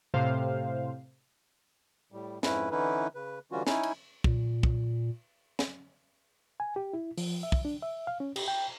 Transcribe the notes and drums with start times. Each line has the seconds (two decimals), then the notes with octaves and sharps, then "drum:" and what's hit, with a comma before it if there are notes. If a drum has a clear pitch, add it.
0.14 A2 C3 C5 F5
2.12 A2 G3
2.43 F2 G#2 C#4 E4 B4, drum: snare
2.71 D3 E3 C#4 D#4 E4 B4
3.15 C#3 B4
3.52 D3 E3 G3 C#4 F4 F#4
3.67 C#4 D#4 E4 G#5, drum: snare
3.83 drum: cymbal
4.24 A#2, drum: kick
4.63 drum: kick
5.59 drum: snare
6.60 G#5
6.76 G4
6.94 E4
7.18 F3, drum: open hi-hat
7.43 E5
7.52 drum: kick
7.65 D4
7.82 E5
8.07 F5
8.20 C#4
8.36 G4, drum: cymbal
8.48 G5